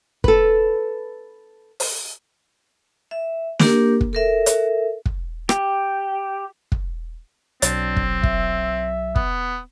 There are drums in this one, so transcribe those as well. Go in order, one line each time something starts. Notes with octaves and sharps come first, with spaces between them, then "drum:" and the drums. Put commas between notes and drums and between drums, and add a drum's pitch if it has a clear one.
A4 B4, drum: kick
drum: open hi-hat
E5
A#3 D4 G4 A#4, drum: snare
drum: kick
A4 A#4 E5
drum: hi-hat
drum: kick
G4, drum: rim click
drum: kick
B1 F#3 C4 D4 A6, drum: hi-hat
drum: kick
E5, drum: kick
B3, drum: kick